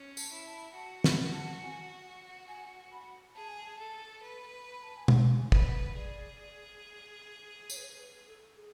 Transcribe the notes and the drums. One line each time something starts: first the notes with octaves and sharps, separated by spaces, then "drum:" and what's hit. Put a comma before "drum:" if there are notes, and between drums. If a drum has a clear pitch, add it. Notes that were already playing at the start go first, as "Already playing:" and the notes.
Already playing: C#4
A5, drum: tambourine
E4
A5
F#4 A5
B5, drum: snare
A5
G#5
G#5
B5
G#4 A5
G#5
A5
A4
B4
B5
A5
G#5
F#5, drum: tom B2
G#5
B4, drum: kick
F#5
G#4 D5
C#5, drum: tambourine
B4
C#5
B4
A4
G#4